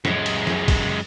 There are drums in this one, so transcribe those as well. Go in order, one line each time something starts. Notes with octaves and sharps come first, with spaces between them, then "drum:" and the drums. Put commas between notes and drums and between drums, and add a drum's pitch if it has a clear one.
F#2 G#3, drum: snare
drum: cymbal
drum: snare
drum: kick, cymbal